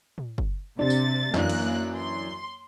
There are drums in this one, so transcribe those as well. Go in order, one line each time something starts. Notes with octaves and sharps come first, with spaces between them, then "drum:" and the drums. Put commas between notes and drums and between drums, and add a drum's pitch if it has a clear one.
drum: tom
drum: kick F#1
C3 D4 A6
drum: tambourine
F#2 E3 A#3 D4 F#6, drum: snare
drum: cymbal
C6